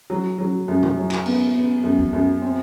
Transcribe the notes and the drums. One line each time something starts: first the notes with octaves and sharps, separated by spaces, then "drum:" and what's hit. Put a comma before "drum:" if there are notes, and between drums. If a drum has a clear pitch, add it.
F#3
F#3
F#2
drum: tom B2
F#3
drum: clap
B3, drum: cymbal
B3
F#2
drum: kick C#2
F#2
C4